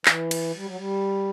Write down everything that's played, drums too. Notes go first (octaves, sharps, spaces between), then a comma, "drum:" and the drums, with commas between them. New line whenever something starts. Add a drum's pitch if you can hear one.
E3, drum: clap
drum: cymbal
G3
F#3
G3